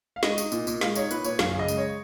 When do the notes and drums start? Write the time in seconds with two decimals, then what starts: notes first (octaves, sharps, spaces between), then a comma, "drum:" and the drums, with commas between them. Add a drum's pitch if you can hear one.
0.16 F5
0.23 G#3 D#5, drum: snare
0.38 D#4, drum: tambourine
0.52 A#2, drum: tambourine
0.67 A#2, drum: tambourine
0.81 G#3 F5, drum: snare
0.95 D#4 C#5, drum: tambourine
1.11 A#2 B4, drum: tambourine
1.24 A#2 C#5, drum: tambourine
1.39 F#2 F5, drum: snare
1.51 F5
1.55 C#3 D#5
1.68 G#3, drum: tambourine
1.78 C#5